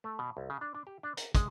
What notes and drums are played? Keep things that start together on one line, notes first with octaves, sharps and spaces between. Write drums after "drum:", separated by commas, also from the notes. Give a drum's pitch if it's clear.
A3
B2
C2
C#3
D4
D4
G4
D4
A#4, drum: hi-hat
G#3, drum: kick, hi-hat